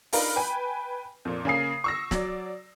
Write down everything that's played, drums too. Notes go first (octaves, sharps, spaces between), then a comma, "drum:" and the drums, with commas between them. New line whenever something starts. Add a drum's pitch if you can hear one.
D4 D#4 F4 A#4 B4, drum: open hi-hat
B4 G5 G#5
F2 A#2
C#3 A#3 G#5 D#6 C7
C#6 E6 A#6
F#3 D5, drum: snare